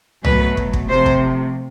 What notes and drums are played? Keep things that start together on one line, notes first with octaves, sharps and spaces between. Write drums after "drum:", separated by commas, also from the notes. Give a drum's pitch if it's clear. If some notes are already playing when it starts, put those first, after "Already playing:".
B2 F#3 A3 B4, drum: tom C2
drum: kick
drum: kick
C3 F3 A3 C5
drum: kick